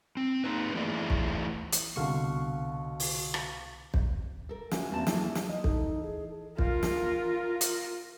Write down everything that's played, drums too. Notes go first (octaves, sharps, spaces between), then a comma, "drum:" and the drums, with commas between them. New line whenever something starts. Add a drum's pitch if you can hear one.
C4
A#3 D#4 B4
E3 A3 E4 G#4 A4 D5
drum: kick
drum: hi-hat
C2 B2 D3 F5 C#6
drum: open hi-hat
drum: rim click
drum: kick
A4 A#4
E3 C#4 F#4, drum: snare
E2 A#3 C4 F#4 D5 A5
E3 F#3 A3 E4 G#4, drum: snare
drum: snare
D#5
D#4 A4, drum: kick
E3
G#4
F4 A#4, drum: kick
drum: snare
drum: hi-hat